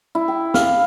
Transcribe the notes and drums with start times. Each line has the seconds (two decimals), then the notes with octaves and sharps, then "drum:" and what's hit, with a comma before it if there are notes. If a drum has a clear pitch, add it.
0.15 E4
0.28 G5
0.54 F5, drum: snare